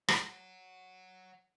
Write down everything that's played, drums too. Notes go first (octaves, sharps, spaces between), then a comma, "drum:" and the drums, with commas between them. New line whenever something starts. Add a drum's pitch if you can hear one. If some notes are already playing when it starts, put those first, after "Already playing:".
C#5 F#5, drum: rim click